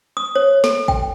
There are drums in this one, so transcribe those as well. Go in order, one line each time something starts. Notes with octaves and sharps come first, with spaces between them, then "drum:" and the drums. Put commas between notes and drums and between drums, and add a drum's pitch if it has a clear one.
D#6
C#5
A4, drum: snare
G5, drum: kick